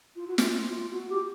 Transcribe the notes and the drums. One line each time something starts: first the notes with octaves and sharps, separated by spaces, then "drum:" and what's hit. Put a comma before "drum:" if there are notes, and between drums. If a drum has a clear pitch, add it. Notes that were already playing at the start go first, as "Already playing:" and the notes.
F4
F#4
F4, drum: snare
F#4
G4